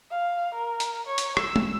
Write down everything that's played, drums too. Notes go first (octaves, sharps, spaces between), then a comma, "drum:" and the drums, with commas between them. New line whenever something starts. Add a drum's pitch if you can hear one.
F5
A#4
drum: hi-hat
C#5
drum: hi-hat
E6, drum: rim click
drum: tom